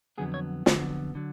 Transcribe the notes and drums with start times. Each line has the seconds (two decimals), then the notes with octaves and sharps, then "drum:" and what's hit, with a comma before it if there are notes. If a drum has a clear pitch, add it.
0.18 F2 D3 F#3 B3 G#4
0.34 C#5
0.66 F2 D3 F#3 B3, drum: snare
1.15 D3 F#3